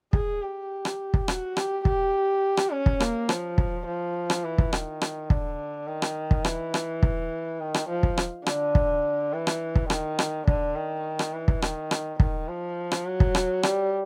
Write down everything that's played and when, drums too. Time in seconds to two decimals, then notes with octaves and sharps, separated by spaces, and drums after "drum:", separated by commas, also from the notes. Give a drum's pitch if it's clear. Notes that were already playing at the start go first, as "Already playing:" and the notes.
0.13 G#4, drum: kick
0.42 G4
0.85 drum: rim click
1.14 drum: kick
1.28 F#4, drum: rim click
1.57 G4, drum: rim click
1.85 G4, drum: kick
2.57 drum: rim click
2.72 C#4
2.86 drum: kick
3.00 A#3, drum: rim click
3.29 F3, drum: rim click
3.58 drum: kick
3.87 F3
4.30 drum: rim click
4.44 E3
4.58 drum: kick
4.73 D#3, drum: rim click
5.01 drum: rim click
5.30 D3, drum: kick
5.87 D#3
6.02 drum: rim click
6.31 drum: kick
6.45 E3, drum: rim click
6.74 drum: rim click
7.03 drum: kick
7.60 D#3
7.74 drum: rim click
7.89 F3
8.03 drum: kick
8.18 drum: rim click
8.46 D3, drum: rim click
8.75 drum: kick
9.33 E3
9.47 drum: rim click
9.76 drum: kick
9.90 D#3, drum: rim click
10.19 drum: rim click
10.47 D3, drum: kick
10.76 D#3
11.19 drum: rim click
11.34 E3
11.48 drum: kick
11.62 D#3, drum: rim click
11.91 drum: rim click
12.20 D#3, drum: kick
12.48 F3
12.92 drum: rim click
13.06 F#3
13.20 drum: kick
13.35 drum: rim click
13.63 G3, drum: rim click